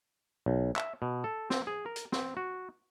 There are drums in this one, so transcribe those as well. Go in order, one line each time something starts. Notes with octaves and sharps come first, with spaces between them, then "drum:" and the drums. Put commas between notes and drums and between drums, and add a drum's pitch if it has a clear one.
B1
E5, drum: clap
B2
A4
C4, drum: snare
G#4
A#4
drum: hi-hat
C4, drum: snare
F#4